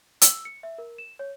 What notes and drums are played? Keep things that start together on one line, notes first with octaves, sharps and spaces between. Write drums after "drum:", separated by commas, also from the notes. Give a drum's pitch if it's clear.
E6, drum: hi-hat
C#7
E5
A#4
E7
C#5